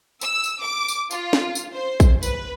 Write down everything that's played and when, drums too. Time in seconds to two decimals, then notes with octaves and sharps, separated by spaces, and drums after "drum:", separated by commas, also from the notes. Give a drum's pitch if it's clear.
0.21 E6, drum: tambourine
0.44 drum: tambourine
0.61 D6
0.88 drum: tambourine
1.11 F4, drum: tambourine
1.33 drum: snare
1.55 drum: tambourine
1.74 C5
2.00 drum: kick A#1, tambourine
2.23 B4, drum: tambourine